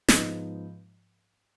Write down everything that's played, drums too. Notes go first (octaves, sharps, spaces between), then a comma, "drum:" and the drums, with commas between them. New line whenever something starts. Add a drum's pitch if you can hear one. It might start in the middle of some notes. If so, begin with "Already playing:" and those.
G#2 F3 B3 D#4, drum: snare